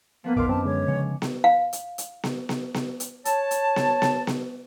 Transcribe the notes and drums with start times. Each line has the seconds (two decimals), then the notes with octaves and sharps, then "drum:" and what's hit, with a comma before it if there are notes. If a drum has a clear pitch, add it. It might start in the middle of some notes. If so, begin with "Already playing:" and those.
0.24 F3 A#3 B3 B4
0.36 E1 A#1 D#3 A#4 F5 C6 D6 F6
0.49 F#2 C4 C#4 A5
0.65 D3 G#3 C#5
0.88 C#3 F3 B3 C#4
1.22 drum: snare B3
1.44 F5
1.73 drum: hi-hat
1.98 drum: hi-hat
2.24 drum: snare B3
2.49 drum: snare B3
2.74 drum: snare B3
3.00 drum: hi-hat
3.25 C#5 A5, drum: hi-hat
3.51 drum: hi-hat
3.76 drum: snare B3
4.02 drum: snare B3
4.27 drum: snare B3